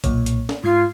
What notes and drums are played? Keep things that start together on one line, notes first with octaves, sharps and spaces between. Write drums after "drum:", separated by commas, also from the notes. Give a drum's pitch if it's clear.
B1 A#2 C#5, drum: kick G#1, hi-hat
drum: hi-hat
drum: snare
G#2 F4 G#6 C7